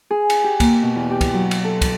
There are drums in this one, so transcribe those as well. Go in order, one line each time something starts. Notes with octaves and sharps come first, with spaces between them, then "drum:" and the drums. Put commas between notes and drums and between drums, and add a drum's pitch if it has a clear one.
G#4
drum: cymbal
G4
A#3, drum: kick, cymbal
B2
E2
G4
drum: kick, cymbal
F#3
drum: cymbal
A4
drum: kick, cymbal